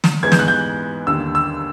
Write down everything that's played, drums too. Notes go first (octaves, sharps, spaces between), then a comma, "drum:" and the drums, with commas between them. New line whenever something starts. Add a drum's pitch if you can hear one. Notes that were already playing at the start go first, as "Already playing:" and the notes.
drum: snare
G#2 E3 G#3 B3 G#6
G6, drum: snare
F#6
G6
D#2 D3 G3 E6
E6